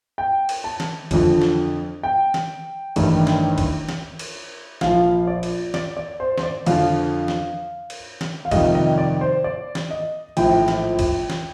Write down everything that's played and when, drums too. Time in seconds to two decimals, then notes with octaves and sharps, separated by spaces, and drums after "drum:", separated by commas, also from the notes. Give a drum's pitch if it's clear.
0.18 G5
0.49 drum: cymbal
0.64 A5
0.80 drum: snare
1.11 F2 D3 F3, drum: kick, cymbal
1.42 drum: snare
2.03 G5
2.34 drum: snare
2.96 A1 G2 D#3 G3, drum: cymbal
3.27 drum: snare
3.58 drum: kick, cymbal
3.89 drum: snare
4.19 drum: cymbal
4.81 A#1 A#2 F3 F5, drum: snare
5.27 D5
5.43 drum: cymbal
5.74 D5, drum: snare
5.97 D5
6.20 C5
6.38 C5, drum: snare
6.43 D5
6.66 F2 D3 F3 F5, drum: cymbal
7.28 drum: snare
7.90 drum: cymbal
8.21 drum: snare
8.45 F5
8.51 F2 C3 D#3 G3 D#5, drum: kick, cymbal
8.75 D#5
8.98 D5
9.21 C5
9.44 D5
9.75 drum: snare
9.90 D#5
10.37 A#1 A2 F3 G5, drum: cymbal
10.68 drum: snare
10.99 drum: kick, cymbal
11.30 drum: snare